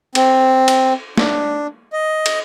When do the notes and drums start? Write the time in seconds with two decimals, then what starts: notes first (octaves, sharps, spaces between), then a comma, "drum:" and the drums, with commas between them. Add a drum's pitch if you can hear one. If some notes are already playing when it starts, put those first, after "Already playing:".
0.15 C4, drum: cymbal
0.68 drum: cymbal
1.18 D4, drum: snare
1.93 D#5
2.26 drum: cymbal